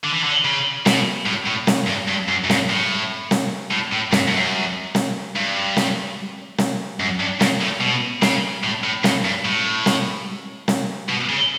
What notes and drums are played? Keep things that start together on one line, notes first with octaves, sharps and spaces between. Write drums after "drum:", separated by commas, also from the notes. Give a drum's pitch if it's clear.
D3
E3
D3
C#3
B2, drum: snare
A2
A2
drum: snare
G2
G2
F#2
F#2
G2, drum: snare
A2
drum: snare
A2
A2
G2, drum: snare
G2
F#2
drum: snare
G2
drum: snare
drum: snare
F#2
G2
G2, drum: snare
A2
B2
C#3, drum: snare
A2
A2
G2, drum: snare
G2
A2
drum: snare
drum: snare
B2
C#3